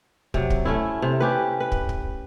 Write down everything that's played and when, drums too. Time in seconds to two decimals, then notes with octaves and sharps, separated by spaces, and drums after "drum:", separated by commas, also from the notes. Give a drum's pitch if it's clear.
0.34 C3 F#3, drum: kick
0.50 drum: kick
0.65 A3 C#4 E4
1.02 C3
1.20 C#4 G4 B4
1.60 B4
1.72 drum: kick
1.89 drum: kick